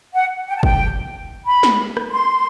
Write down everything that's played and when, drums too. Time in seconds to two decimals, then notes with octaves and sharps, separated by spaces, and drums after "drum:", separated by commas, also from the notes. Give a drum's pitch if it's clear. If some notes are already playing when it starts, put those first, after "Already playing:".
0.14 F#5
0.47 G5
0.56 A5
0.63 G5, drum: kick
1.46 B5
1.63 drum: snare
1.97 drum: rim click
2.11 C6